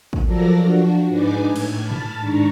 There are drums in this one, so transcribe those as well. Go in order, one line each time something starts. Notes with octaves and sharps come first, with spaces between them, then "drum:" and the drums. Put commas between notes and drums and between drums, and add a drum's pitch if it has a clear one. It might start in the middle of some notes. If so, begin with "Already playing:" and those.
drum: kick
F3 F#3 A4 A#4 D5 A#6
F3 D4 F#4
G#2 D4 D#4 B4 G#5 D6
A2 G#6
drum: cymbal
A5 B5 F6 A6 B6
drum: tom G#2
G#2 D#3 D4 A#5 C#6